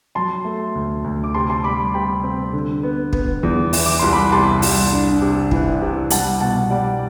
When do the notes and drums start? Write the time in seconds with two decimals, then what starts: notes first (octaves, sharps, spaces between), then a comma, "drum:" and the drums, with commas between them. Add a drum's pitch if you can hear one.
0.15 F#3 A5 C6
0.45 A3
0.75 D2
1.04 D2
1.24 D6
1.34 C3 A5 C6
1.50 A5 C6
1.64 G3 B5 D6
1.94 C3 G5 B5
2.23 C4
2.53 D3
2.83 B3
3.13 B3, drum: kick
3.43 E2
3.73 E3, drum: open hi-hat
3.86 D6
3.99 C2 C6
4.13 B5 D6
4.32 C3 A5 C6
4.62 C2, drum: open hi-hat
4.92 D4
5.21 C3
5.51 E3, drum: kick
5.81 C3
6.10 G3 F#5 A5, drum: hi-hat
6.40 B2 F#5 A5
6.70 G3 D5 F#5